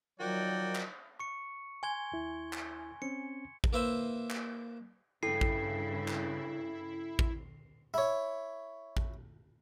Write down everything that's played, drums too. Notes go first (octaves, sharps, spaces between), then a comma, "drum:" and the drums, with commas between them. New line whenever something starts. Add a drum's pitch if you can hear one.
D#3 F3 F#3 F#4 D5 G5
drum: clap
C#6 C#7
G#5 C6 G#6 G7
D#2 E4
drum: clap
C4 C#4 C#7
drum: kick A1
A#3 E4 B4 C5 E5
drum: clap
G2 C#3 E4 A4 G5 C7
drum: kick A1
drum: clap
drum: kick A1
E4 C#5
drum: kick A1